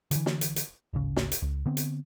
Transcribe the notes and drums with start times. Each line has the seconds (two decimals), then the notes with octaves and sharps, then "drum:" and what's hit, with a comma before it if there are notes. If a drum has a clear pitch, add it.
0.11 D3 E3, drum: hi-hat
0.26 drum: snare
0.41 drum: hi-hat
0.56 drum: hi-hat
0.93 D1 G#1 C#3
1.16 drum: snare
1.32 drum: hi-hat
1.42 C#2
1.66 D3 B3 C4
1.77 drum: hi-hat